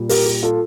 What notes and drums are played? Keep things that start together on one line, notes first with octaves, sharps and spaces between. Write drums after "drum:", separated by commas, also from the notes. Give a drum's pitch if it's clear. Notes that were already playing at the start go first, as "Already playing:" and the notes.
Already playing: A#2 G3
G4 A#4, drum: open hi-hat
G4
F4 A4